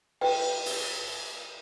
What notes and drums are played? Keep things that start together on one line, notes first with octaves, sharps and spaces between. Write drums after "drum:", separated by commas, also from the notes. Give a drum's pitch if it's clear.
B4 F#5 G5, drum: cymbal
drum: open hi-hat